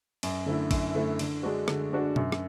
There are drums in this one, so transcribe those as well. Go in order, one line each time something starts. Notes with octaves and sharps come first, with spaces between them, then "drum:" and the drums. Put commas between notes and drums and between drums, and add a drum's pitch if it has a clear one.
F#2, drum: cymbal
D3 A3 E4
F#2, drum: kick, cymbal
D3 A3 E4
D3, drum: cymbal
G#3 D4 F#4
D3, drum: rim click
G#3 D4 F#4
F#2, drum: tom B2
drum: rim click